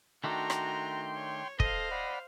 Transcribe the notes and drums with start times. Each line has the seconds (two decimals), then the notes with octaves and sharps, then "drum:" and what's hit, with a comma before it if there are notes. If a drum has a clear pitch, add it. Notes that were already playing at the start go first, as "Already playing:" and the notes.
0.24 D#3 A3 D4 F#4 G5 A#5 C6
0.50 drum: rim click
1.15 C#5
1.60 A4 C5 D#5 F5, drum: kick
1.91 D5 F#5 B5